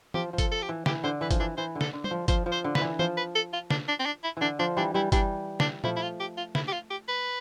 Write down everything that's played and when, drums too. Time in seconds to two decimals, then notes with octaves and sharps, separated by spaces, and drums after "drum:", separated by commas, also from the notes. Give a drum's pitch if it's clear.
0.14 F3 G4, drum: tom
0.33 F3
0.38 A4, drum: kick, hi-hat
0.51 A4
0.62 G4
0.69 E3
0.86 E3 G4, drum: snare
1.04 D3 C5
1.21 E3 B4
1.31 F3, drum: kick, hi-hat
1.39 E3 D4
1.57 E3 C5
1.75 D3
1.81 A4, drum: snare
1.93 D3
2.04 C5, drum: tom G3
2.11 F3
2.28 F3 C5, drum: kick, hi-hat
2.46 F3
2.52 C5
2.64 D3
2.75 B4, drum: snare
2.81 E3
2.99 F3 C5, drum: tom
3.17 B4
3.35 A4
3.53 F4
3.70 D4, drum: snare
3.88 D4
3.99 C4
4.06 D4
4.24 E4
4.37 D3 E3 D4
4.59 F3 D4
4.77 E3 G3 D4
4.94 E3 G3 E4
5.12 E3 G3 D4, drum: kick, hi-hat
5.60 D4, drum: snare
5.84 F3 A3 E4, drum: tom A#2
5.96 E4
6.02 F4
6.20 G4
6.37 F4
6.55 E4, drum: snare
6.68 G4
6.73 F4
6.91 G4
7.08 B4